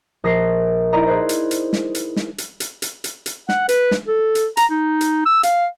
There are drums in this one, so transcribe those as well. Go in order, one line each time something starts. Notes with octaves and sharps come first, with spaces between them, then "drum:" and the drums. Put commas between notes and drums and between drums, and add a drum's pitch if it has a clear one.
A#1 D#6 A#6 C7
D#4 E4 D5 D#5 A#5
G#4 B4 C5
drum: hi-hat
drum: hi-hat
drum: snare
drum: hi-hat
drum: snare
drum: hi-hat
drum: hi-hat
drum: hi-hat
drum: hi-hat
drum: hi-hat
F#5, drum: snare
B4, drum: hi-hat
drum: snare
A4
drum: hi-hat
A#5, drum: hi-hat
D#4
drum: hi-hat
E6
F5, drum: hi-hat